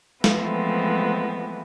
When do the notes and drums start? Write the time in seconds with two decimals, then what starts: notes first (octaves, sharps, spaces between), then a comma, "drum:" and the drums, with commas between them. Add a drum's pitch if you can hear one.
0.24 E3 F3 G#3 A3 B3 C4, drum: snare